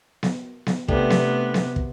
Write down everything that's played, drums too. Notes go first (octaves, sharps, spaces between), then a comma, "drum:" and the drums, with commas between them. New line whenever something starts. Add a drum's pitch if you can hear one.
drum: snare B3
drum: snare B3
C3 A3 B3 D4 G4, drum: kick
drum: snare B3
drum: snare B3
drum: kick